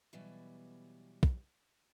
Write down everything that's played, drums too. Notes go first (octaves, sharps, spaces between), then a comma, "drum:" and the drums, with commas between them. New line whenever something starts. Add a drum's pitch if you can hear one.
B2 E3 F#3 G3
drum: kick